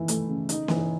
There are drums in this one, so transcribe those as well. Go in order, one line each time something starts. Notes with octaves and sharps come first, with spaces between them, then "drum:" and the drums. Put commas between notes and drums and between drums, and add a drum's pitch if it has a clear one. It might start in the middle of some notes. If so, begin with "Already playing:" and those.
Already playing: D#3 E3 E4
A3, drum: hi-hat
C#3
D#4, drum: hi-hat
E3, drum: snare C#4